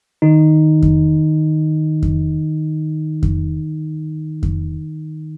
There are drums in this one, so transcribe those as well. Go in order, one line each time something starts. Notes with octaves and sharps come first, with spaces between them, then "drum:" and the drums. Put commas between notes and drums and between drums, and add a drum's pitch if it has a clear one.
D#3 D#4
drum: kick F2
drum: kick F2
drum: kick F2
drum: kick F2